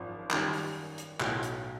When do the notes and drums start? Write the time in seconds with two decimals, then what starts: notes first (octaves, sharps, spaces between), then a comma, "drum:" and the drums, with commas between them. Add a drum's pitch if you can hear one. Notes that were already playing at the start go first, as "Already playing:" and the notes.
Already playing: G#1 F#2 F3
0.30 F#2 D#3 G3, drum: clap
0.53 drum: open hi-hat
0.98 drum: hi-hat
1.20 B1 A2 F#3, drum: clap
1.43 drum: hi-hat